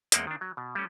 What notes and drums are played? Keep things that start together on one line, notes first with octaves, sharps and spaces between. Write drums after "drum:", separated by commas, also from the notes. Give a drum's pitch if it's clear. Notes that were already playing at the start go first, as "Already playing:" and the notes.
E2 G#3 A#3 C4 F#5 G5, drum: hi-hat
D#3 D4
F#3
B2
G3 A3 C#4